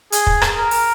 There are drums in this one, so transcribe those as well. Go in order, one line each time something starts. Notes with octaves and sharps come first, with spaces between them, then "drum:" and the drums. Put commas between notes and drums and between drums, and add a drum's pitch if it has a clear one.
G#4, drum: hi-hat
drum: kick
drum: rim click
A#4
drum: open hi-hat